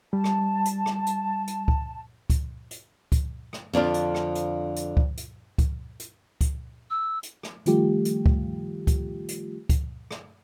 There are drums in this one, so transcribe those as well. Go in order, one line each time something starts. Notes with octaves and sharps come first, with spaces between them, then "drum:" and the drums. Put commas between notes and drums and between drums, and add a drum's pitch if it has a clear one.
G3 A5
drum: rim click
drum: hi-hat
drum: rim click
drum: hi-hat
drum: hi-hat
drum: kick C#2
drum: kick C#2, hi-hat
drum: hi-hat
drum: kick C#2, hi-hat
drum: rim click
F2 D3 D4 F4
drum: hi-hat
drum: rim click
drum: hi-hat
drum: hi-hat
drum: kick C#2
drum: hi-hat
drum: kick C#2, hi-hat
drum: hi-hat
drum: kick C#2, hi-hat
E6
drum: hi-hat
drum: rim click
D#3 F3 G3 A3 F4 G4, drum: hi-hat
drum: hi-hat
drum: kick C#2
drum: kick C#2, hi-hat
drum: hi-hat
drum: kick C#2, hi-hat
drum: rim click